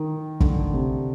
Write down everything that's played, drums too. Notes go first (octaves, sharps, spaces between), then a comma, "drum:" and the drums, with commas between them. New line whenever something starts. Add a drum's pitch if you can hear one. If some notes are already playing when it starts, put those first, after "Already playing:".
Already playing: D#3
D3, drum: kick
C3